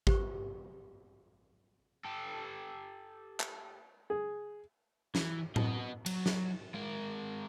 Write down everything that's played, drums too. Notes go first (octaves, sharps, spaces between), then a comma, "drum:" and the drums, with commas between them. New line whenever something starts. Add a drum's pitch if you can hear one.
G4 B4 C5 C#6, drum: kick G#1
G4 A4
drum: clap
G#4
E3, drum: snare
B3 D#5, drum: tom A2
F#3, drum: cymbal
drum: snare
G#3 A#4